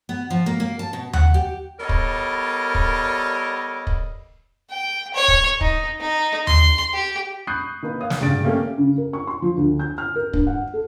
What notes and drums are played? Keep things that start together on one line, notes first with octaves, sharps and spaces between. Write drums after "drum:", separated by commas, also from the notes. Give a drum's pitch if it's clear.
B3
F3
A#3
A#3
A5
B2
F#5, drum: tom D#2
G4
G3 B3 A4 A#4 C#5 D#5
drum: kick
drum: kick
drum: kick
G5
C#5
drum: kick
D#4, drum: kick
D#4
C6, drum: tom D#2
G4
B5 C#6 D#6 F#6 G6 C7
D#3 A#3 B4
C#5 F5 D#6
drum: snare
G#1 G2 C#3 G3 A6 D7
A3 A#3 C#4 G4
C#3
A#4
C#6
C6
F3
D2
G6
F6
A#4
G2, drum: kick
F#5
A4